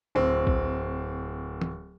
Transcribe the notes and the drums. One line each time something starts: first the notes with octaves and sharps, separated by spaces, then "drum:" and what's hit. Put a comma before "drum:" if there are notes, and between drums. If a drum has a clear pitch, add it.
D1 C4
drum: kick
drum: tom